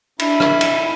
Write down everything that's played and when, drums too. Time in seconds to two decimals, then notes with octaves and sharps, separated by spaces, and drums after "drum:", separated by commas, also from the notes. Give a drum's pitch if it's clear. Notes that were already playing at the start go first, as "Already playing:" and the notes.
0.19 D4 E4 B5, drum: cymbal
0.40 drum: rim click
0.61 drum: cymbal